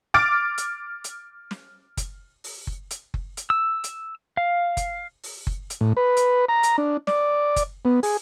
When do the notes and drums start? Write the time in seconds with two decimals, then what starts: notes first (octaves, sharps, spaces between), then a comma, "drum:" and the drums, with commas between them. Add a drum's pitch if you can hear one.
0.14 D6 F6 A6 D7
0.58 drum: hi-hat
1.04 drum: hi-hat
1.51 drum: snare
1.97 drum: kick F#1, hi-hat
2.44 drum: open hi-hat
2.67 drum: kick F#1
2.91 drum: hi-hat
3.14 drum: kick F#1
3.37 drum: hi-hat
3.50 E6
3.84 drum: hi-hat
4.37 F5
4.77 drum: kick F#1, hi-hat
5.23 drum: open hi-hat
5.47 drum: kick F#1
5.70 drum: hi-hat
5.81 A2
5.97 B4
6.17 drum: hi-hat
6.49 A#5
6.63 drum: hi-hat
6.78 D4
7.07 D5, drum: snare
7.56 drum: kick F#1, hi-hat
7.85 B3
8.03 G#4, drum: open hi-hat